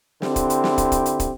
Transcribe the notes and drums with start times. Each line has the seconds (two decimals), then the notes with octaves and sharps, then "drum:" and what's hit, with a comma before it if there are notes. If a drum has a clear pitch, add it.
0.22 D3 C4 E4 G4, drum: snare
0.36 drum: kick, hi-hat
0.50 drum: hi-hat
0.64 drum: snare
0.78 drum: kick, hi-hat
0.92 drum: kick, hi-hat
1.06 drum: hi-hat
1.20 drum: kick, hi-hat